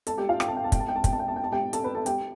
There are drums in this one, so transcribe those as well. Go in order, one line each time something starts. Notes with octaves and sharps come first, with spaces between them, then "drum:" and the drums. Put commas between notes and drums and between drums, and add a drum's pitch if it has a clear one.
A4 A5, drum: hi-hat
G4 G5
F4 F5
G5, drum: rim click
A5
G5
A5
G5, drum: kick, hi-hat
A5
G5
A5
G5, drum: kick, hi-hat
A5
G5
A5
G5
A5
G4 G5
A4 A5, drum: hi-hat
B4 B5
A4 A5
G4 G5, drum: hi-hat